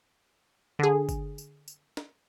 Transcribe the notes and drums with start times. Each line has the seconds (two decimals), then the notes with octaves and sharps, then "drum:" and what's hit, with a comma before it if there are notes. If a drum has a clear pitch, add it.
0.79 D3 G#4
1.09 drum: kick G1, tambourine
1.38 drum: tambourine
1.68 drum: tambourine
1.97 drum: snare